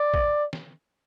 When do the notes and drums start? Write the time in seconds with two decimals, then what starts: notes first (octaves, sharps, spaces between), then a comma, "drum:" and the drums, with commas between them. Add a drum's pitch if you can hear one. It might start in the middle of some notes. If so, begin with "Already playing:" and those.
Already playing: D5
0.14 drum: kick A1
0.53 drum: snare